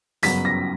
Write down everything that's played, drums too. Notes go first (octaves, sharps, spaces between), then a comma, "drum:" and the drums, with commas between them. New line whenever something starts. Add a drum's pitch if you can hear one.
G1 F#2 C#3 F#3 B3 B6, drum: hi-hat
A#6